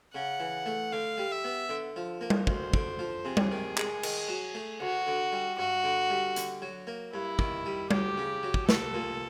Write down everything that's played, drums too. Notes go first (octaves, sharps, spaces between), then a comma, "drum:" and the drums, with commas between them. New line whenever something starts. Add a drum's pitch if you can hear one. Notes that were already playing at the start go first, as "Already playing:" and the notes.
C#3 F#5
E3
A3
D3 F5
G3
E5
B3
D3
F3
A#3
drum: tom G3
D2 C5, drum: kick
D3, drum: kick
F3
C3 G#4
drum: tom G3
D#3
G#3, drum: clap
D#3, drum: cymbal
F#3
A3
D2 F#4
D3
G3
G2 F#4
D3
G3
D3, drum: hi-hat
F#3
A#3
G2 E4
D#3, drum: kick
G3
D2 G4, drum: tom G3
C#3
F#3
drum: kick
C2 A4, drum: snare
A#2